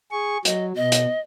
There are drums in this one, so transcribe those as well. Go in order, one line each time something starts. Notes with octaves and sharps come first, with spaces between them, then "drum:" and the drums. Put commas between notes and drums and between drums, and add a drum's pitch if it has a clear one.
G#4 C#6
F#3 D#5, drum: hi-hat
B2 D#5
drum: hi-hat